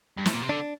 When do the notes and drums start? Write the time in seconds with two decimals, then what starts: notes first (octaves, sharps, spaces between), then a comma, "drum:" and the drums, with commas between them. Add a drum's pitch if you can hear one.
0.18 G2
0.26 A2, drum: snare
0.34 A#2
0.42 C3
0.49 D3 D4